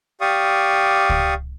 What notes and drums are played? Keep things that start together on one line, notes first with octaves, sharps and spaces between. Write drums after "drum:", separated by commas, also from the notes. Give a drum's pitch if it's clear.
G4 D5 F5 C#6 D#6
drum: kick C#2